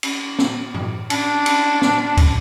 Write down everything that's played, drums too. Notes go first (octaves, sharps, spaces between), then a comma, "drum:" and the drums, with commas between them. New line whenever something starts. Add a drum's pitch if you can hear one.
drum: cymbal
drum: snare B3
drum: tom G2
D4, drum: cymbal
drum: cymbal
drum: snare B3
drum: kick, cymbal